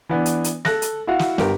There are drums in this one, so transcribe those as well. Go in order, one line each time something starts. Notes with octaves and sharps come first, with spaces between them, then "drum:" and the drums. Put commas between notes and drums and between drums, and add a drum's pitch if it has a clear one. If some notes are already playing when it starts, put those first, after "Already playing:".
E3 B3 D4
drum: hi-hat
drum: hi-hat
A4 F#6 A#6, drum: snare
drum: hi-hat
E4 F#4 F5 F#5
drum: snare
G1 G4 A#4, drum: snare